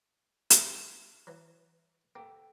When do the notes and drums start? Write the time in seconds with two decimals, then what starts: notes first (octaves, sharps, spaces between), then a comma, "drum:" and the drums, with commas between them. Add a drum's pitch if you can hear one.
0.50 drum: hi-hat
1.27 E3 F#3
2.15 A#3 A4 F#5 G5